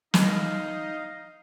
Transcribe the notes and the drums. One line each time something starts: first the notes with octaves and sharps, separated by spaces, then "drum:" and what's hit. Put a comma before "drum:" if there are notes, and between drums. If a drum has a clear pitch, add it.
D#4 D#5 F5, drum: snare